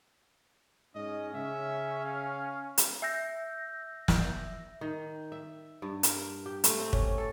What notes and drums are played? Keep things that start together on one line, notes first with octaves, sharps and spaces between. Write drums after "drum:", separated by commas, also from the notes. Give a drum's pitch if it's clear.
G#2 C#4 D#5
C#3 E5
F5
drum: hi-hat
E5 E6 G6 A#6
drum: snare
D#3
E5
G2
A#4, drum: hi-hat
G4
A3, drum: hi-hat
C4
C#4, drum: kick
A4